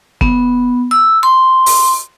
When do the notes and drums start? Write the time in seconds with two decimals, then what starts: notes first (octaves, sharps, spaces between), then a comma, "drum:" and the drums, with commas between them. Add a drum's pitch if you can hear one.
0.21 B3, drum: kick
0.91 E6
1.23 C6
1.66 drum: open hi-hat